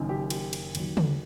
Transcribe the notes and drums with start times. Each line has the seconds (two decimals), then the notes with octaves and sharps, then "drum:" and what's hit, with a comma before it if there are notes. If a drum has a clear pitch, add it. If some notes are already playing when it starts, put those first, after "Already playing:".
Already playing: F#1 F#2 D#3
0.09 G4
0.30 G4, drum: cymbal
0.53 drum: cymbal
0.75 D#2 D#3 F#3, drum: cymbal
0.97 drum: tom C#3